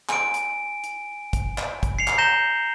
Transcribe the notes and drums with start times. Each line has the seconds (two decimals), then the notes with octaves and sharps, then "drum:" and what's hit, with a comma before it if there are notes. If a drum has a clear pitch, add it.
0.09 G#5 D7, drum: clap
0.34 drum: hi-hat
0.84 drum: hi-hat
1.33 drum: kick, hi-hat
1.58 drum: clap
1.83 drum: kick, hi-hat
1.99 C7 C#7 F7
2.08 drum: clap
2.18 A#5 G6 A#6 C7 E7 G7